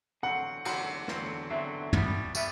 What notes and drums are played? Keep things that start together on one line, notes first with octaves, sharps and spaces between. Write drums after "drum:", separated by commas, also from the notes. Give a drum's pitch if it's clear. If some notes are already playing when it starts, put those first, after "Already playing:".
E2 D3 F#3 C4 F#5
E2 D3 F#3 C4 F#5, drum: cymbal
E2 D3 F#3 C4, drum: rim click
E2 D3 F#3 C4 E5
B2 G3 B3, drum: tom
B2 G3 B3 E5, drum: tambourine